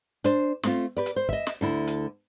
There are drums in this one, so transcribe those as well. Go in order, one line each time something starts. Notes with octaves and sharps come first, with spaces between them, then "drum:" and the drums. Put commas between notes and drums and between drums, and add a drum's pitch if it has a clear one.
D4 C5, drum: hi-hat
A3 C4 F4, drum: snare
G4 B4 D5
drum: hi-hat
C5
D#5 E5, drum: kick
drum: snare
D2 D3 E4
drum: hi-hat